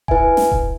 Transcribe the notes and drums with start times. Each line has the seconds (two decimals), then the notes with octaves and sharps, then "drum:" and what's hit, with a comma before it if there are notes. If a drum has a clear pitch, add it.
0.08 E4 B4 E5 G#5, drum: kick D#1
0.37 drum: snare
0.51 drum: kick D#1